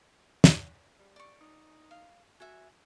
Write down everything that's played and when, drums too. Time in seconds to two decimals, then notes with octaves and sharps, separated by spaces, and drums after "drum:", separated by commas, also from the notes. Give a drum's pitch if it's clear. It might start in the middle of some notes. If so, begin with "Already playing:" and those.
0.44 drum: snare
0.99 G3
1.16 D5 C#6
1.41 D#4
1.91 F5
2.40 F#4 E5 G#5